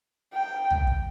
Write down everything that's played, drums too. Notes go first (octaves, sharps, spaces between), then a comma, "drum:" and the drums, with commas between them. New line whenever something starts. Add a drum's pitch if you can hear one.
G5
drum: tom
drum: kick